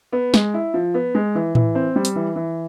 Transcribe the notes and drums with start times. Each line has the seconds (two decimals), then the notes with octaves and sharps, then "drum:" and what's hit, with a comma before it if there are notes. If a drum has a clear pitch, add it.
0.13 B3
0.34 G#3, drum: snare
0.54 E4
0.74 F3
0.94 B3
1.15 G#3
1.35 E3
1.55 E3, drum: tom A2
1.75 C4
1.96 G3
2.05 drum: hi-hat
2.16 E3
2.36 E3